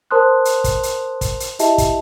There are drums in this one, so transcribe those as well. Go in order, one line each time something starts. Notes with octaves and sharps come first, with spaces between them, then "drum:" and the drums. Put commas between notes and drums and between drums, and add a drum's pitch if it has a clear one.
A#4 C5 A5 C6 D#6 F#6
drum: hi-hat
drum: kick, hi-hat
drum: hi-hat
drum: kick, hi-hat
drum: hi-hat
E4 G4 D#5 E5 A5, drum: hi-hat
drum: kick, hi-hat